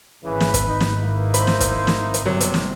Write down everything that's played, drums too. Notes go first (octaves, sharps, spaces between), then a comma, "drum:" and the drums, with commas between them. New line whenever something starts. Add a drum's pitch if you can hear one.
G#1 G#2 C#3 E3 B4
drum: snare
drum: kick, hi-hat
D#4
drum: snare
A#3 D#4 E4
C5 B5, drum: hi-hat
drum: snare
drum: kick, hi-hat
drum: snare
drum: hi-hat
G1 D#2 C3 F#3
drum: hi-hat
drum: snare